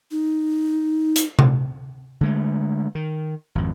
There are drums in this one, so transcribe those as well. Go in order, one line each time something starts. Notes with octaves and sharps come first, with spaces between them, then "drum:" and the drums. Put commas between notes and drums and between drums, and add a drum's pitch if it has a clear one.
D#4
drum: hi-hat
drum: tom C3
D3 G#3 A3
D#3
G#1 F2